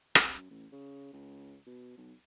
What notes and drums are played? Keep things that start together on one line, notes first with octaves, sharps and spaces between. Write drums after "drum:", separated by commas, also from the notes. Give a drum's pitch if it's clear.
C3, drum: rim click
F#2
A1
C#3
C#2
B2
B1